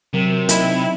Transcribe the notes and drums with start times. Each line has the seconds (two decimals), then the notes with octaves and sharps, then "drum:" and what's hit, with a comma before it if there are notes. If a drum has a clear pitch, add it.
0.13 C3 F#3 A#4
0.49 D#4 E4 D#5 E5, drum: hi-hat